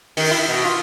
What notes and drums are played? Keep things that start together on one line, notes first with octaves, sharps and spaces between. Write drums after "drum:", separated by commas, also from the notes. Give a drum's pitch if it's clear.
D#3, drum: open hi-hat
E4
B2
F4